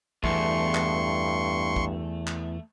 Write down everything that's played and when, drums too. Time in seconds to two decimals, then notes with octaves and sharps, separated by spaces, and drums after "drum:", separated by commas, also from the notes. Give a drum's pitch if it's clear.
0.24 E2 G2 A3 C6 C#6, drum: kick
0.75 drum: clap
1.76 drum: kick
2.27 drum: clap